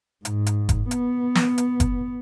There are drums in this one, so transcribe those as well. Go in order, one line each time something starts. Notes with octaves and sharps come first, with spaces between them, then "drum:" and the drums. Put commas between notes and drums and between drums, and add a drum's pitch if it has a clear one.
G#2, drum: hi-hat
drum: hi-hat
drum: kick F#1, hi-hat
B3, drum: hi-hat
drum: snare
drum: hi-hat
drum: kick F#1, hi-hat